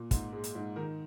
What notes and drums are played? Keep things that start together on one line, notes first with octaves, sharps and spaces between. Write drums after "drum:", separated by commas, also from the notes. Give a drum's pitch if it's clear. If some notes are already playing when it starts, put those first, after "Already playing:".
Already playing: A#2
G#2, drum: kick, hi-hat
G#3
drum: hi-hat
G#2
D#3 A#4